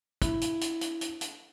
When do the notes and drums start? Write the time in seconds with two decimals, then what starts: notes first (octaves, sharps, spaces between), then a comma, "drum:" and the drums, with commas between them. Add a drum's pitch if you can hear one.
0.22 E4, drum: kick, hi-hat
0.41 drum: hi-hat
0.61 drum: hi-hat
0.81 drum: hi-hat
1.01 drum: hi-hat
1.21 drum: hi-hat